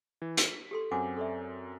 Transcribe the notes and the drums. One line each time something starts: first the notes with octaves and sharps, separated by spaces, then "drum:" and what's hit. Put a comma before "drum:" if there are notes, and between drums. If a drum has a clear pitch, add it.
E3
B6, drum: hi-hat
G4 A4 C6
F#2 C4 F#5 G#5 D6
A4 D5 E5